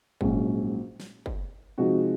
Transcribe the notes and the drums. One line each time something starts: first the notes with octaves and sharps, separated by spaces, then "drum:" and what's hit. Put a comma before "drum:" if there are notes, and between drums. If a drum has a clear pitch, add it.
A#1 G#2 F#3 C#4, drum: kick
drum: snare
drum: kick
C3 F3 G#3 D#4 F#4